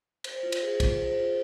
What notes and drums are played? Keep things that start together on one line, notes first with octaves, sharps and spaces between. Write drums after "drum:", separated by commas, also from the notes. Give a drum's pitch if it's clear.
C5, drum: cymbal
F4
drum: cymbal
G#4
F4, drum: kick, cymbal
C5
F4